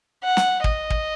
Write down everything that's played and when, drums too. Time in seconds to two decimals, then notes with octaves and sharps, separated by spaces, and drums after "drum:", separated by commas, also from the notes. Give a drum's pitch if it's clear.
0.24 F#5
0.37 drum: snare
0.64 D#5, drum: kick
0.90 drum: kick